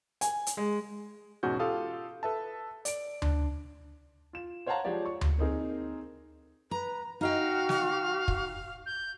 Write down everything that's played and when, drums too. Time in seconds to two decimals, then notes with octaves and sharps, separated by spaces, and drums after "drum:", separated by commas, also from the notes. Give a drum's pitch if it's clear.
0.21 G#5, drum: hi-hat
0.47 drum: hi-hat
0.57 G#3
1.43 E2 G#2 B2 C#4 F#4 G6
1.59 F4 G4 A4 F5 D#6
2.23 A4 B4 E5 A5
2.85 D5 D7, drum: hi-hat
3.22 D4, drum: tom D2
4.33 F4 E7
4.66 C5 C#5 F5 F#5 A5 A#5
4.85 F3 G#3 G4 C#5 D5
5.05 C#6
5.21 drum: tom D2
5.38 A#3 C4 D#4 G#4 A#4
6.71 B4 A#5
7.21 D#4 F#4 D#5 F5 G5
7.69 drum: snare
8.28 drum: kick
8.86 G6